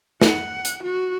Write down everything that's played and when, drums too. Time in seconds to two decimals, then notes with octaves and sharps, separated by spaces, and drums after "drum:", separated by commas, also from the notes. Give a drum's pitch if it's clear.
0.22 F#5, drum: snare
0.65 drum: hi-hat
0.83 F#4